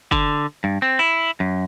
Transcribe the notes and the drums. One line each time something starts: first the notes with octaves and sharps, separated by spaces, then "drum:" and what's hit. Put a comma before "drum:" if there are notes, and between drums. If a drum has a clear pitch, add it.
D3, drum: kick
G2
C4
E4
F#2